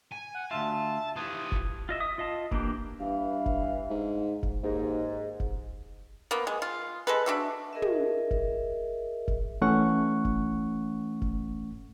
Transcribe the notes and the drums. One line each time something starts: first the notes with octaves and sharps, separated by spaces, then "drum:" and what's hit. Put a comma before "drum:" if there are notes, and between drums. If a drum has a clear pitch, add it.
G#5
F#5
D2 G2 F4 E5 A5
E3 F4 G4 D#6
drum: kick
F4 D#5 E5
E5 D#6
F4 D#5 F5 A5
E3 A#3 D4 G4, drum: kick
G2 E3 F5
drum: kick
G#2
drum: kick
D#2 G#2
drum: kick
A#3 B3
G#3
F4
G#3 A4 B4
D4 F#4 E5
G#4 A#4 D#5 E5
drum: tom
drum: kick
drum: kick
E3 A3 C#4 F#5 C#6
drum: kick
drum: kick